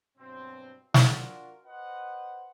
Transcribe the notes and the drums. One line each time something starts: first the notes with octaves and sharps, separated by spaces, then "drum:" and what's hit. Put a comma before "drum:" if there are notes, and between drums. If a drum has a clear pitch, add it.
G2 B2 F#3 C4
D4 F4 F#4 A#4, drum: snare
B4 C5 D#5 F#5